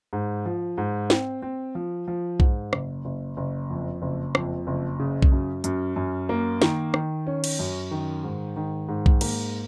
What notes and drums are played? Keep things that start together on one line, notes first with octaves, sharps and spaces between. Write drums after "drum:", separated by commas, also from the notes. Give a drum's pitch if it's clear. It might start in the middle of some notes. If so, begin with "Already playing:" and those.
G#2
F3
G#2
C4, drum: snare
C4
F3
F3
G#2, drum: kick B1
F#1, drum: rim click
F#1
F#1
F2
F#1
F2, drum: rim click
F#1
C#3
drum: kick B1
F#2
F#2, drum: hi-hat
F#2
A#3
D#3, drum: snare
D#3, drum: rim click
C#4
drum: cymbal
F#2
D#3
G#2
D#3
G#2
drum: kick B1
A#3, drum: cymbal